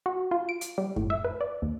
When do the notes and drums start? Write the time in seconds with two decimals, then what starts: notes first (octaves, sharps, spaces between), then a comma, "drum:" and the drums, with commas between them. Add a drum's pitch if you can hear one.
0.06 F#4
0.31 F4
0.49 D7
0.61 drum: hi-hat
0.78 G3
0.96 A2, drum: kick F#2
1.10 E5
1.25 B4
1.41 D5
1.62 D#2